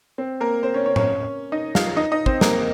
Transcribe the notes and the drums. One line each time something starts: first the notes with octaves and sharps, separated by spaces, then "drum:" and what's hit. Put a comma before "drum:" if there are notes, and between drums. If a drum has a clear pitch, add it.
C4
A#3 A#4
C4 C5
C#4 C#5
C#4 C#5
C#4 C#5, drum: tom A2
D#4 D#5
F4 F5, drum: snare
D#4 D#5
D#4 D#5
C4 C5, drum: kick
A#3 A#4, drum: snare